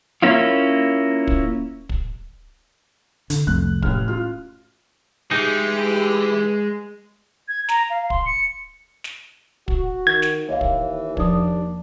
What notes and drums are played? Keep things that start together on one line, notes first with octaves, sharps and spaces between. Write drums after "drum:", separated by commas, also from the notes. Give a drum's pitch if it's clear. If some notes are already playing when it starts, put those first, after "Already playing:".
A#3 C#4 E4 F4
drum: kick
drum: kick
D3, drum: hi-hat
C2 F2 A3 F#6
A1 F6, drum: kick
F4 F6
E3 G#3 D#4 G4
G#6
A#5, drum: snare
F5
C6, drum: kick
C#7
drum: snare
F#4, drum: kick
D#3 G#6
drum: snare
D#2 E3 C#5 D#5 F5
drum: kick
E2 F3 D4 D#6, drum: kick